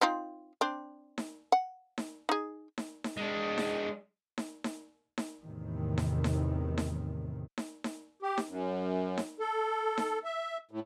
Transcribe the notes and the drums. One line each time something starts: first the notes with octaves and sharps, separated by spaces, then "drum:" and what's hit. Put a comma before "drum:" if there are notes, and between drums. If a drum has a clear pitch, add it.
C4 D#4 F4
C4 D4
drum: snare D#4
F#5
drum: snare D#4
D#4 G#4
drum: snare D#4
drum: snare D#4
G#3 D4
drum: snare D#4
drum: snare D#4
drum: snare D#4
drum: snare D#4
E2 A2 C3 D#3
drum: snare D#4
drum: snare D#4
drum: snare D#4
drum: snare D#4
drum: snare D#4
G4
drum: snare D#4
F#2
drum: snare D#4
A4
drum: snare D#4
E5
A2